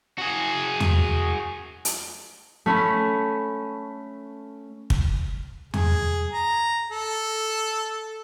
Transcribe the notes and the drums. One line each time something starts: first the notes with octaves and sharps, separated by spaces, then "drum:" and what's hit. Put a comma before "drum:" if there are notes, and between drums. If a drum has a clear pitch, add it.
F#4 G#4
drum: tom E2
drum: hi-hat
A3 C#4 B5
drum: kick
G#4, drum: tom E2
A#5
A4